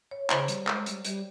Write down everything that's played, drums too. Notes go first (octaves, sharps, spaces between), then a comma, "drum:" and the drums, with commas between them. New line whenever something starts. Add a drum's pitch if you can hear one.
C#5
C#3 C5, drum: clap
G3, drum: hi-hat
G#3, drum: clap
G3, drum: hi-hat
G3, drum: hi-hat